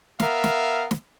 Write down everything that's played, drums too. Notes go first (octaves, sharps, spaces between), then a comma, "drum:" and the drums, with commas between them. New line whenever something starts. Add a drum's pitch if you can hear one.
B3 A#4 E5 F5, drum: snare
drum: snare
drum: snare